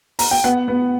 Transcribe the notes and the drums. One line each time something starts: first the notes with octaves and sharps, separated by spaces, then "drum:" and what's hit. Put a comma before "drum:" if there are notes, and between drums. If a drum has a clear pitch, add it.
A#5, drum: open hi-hat
G5
B3 F#5
B3